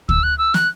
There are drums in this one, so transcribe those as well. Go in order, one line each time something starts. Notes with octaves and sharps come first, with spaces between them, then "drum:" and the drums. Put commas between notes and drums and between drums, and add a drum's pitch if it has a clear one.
E6, drum: kick
F#6
E6
F#6, drum: snare